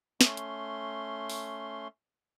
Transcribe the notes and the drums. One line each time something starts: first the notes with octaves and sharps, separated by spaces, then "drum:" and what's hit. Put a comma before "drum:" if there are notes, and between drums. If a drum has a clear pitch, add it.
A3 C#4 C6, drum: snare
drum: hi-hat
drum: open hi-hat